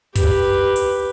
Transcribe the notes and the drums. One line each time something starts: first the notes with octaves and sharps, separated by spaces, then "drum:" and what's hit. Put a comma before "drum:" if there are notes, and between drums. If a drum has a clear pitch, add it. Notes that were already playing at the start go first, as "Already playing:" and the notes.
G4 B4, drum: kick, hi-hat
drum: hi-hat